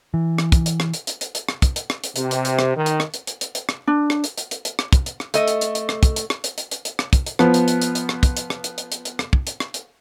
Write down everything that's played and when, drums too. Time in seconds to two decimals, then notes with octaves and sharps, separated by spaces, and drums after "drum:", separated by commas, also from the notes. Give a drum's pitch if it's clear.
0.14 E3
0.38 drum: rim click
0.52 drum: kick, hi-hat
0.66 drum: hi-hat
0.80 drum: rim click
0.93 drum: hi-hat
1.07 drum: hi-hat
1.21 drum: hi-hat
1.35 drum: hi-hat
1.49 drum: rim click
1.62 drum: kick, hi-hat
1.76 drum: hi-hat
1.90 drum: rim click
2.04 drum: hi-hat
2.16 C3, drum: hi-hat
2.31 drum: hi-hat
2.45 drum: hi-hat
2.59 drum: rim click
2.76 D#3
2.86 drum: hi-hat
3.00 drum: rim click
3.14 drum: hi-hat
3.27 drum: hi-hat
3.41 drum: hi-hat
3.55 drum: hi-hat
3.69 drum: rim click
3.87 D4
4.10 drum: rim click
4.24 drum: hi-hat
4.38 drum: hi-hat
4.51 drum: hi-hat
4.65 drum: hi-hat
4.79 drum: rim click
4.93 drum: kick, hi-hat
5.06 drum: hi-hat
5.20 drum: rim click
5.34 A3 D#5, drum: hi-hat
5.48 drum: hi-hat
5.61 drum: hi-hat
5.75 drum: hi-hat
5.89 drum: rim click
6.03 drum: kick, hi-hat
6.16 drum: hi-hat
6.30 drum: rim click
6.44 drum: hi-hat
6.58 drum: hi-hat
6.71 drum: hi-hat
6.85 drum: hi-hat
6.99 drum: rim click
7.13 drum: kick, hi-hat
7.26 drum: hi-hat
7.39 F3 B3, drum: rim click
7.54 drum: hi-hat
7.68 drum: hi-hat
7.82 drum: hi-hat
7.95 drum: hi-hat
8.09 drum: rim click
8.23 drum: kick, hi-hat
8.37 drum: hi-hat
8.50 drum: rim click
8.64 drum: hi-hat
8.78 drum: hi-hat
8.92 drum: hi-hat
9.05 drum: hi-hat
9.19 drum: rim click
9.33 drum: kick
9.47 drum: hi-hat
9.60 drum: rim click
9.74 drum: hi-hat